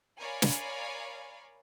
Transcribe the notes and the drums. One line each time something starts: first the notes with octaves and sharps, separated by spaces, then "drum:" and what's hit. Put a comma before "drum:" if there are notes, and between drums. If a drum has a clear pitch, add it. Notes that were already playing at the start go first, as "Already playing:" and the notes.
A#4 C#5 D5 F5 G#5 B5
drum: snare